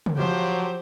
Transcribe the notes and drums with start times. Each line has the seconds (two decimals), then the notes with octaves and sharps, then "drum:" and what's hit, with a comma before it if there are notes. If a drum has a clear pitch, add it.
0.06 drum: tom C#3
0.17 F3 F#3 G4 C5